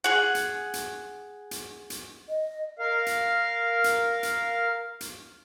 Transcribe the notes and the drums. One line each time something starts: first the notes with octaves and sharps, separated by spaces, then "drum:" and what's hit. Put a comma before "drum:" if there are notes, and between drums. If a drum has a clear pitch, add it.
G#4 F#5
drum: hi-hat
drum: hi-hat
drum: hi-hat
drum: hi-hat
D#5
A#4 F5
drum: hi-hat
drum: hi-hat
drum: hi-hat
drum: hi-hat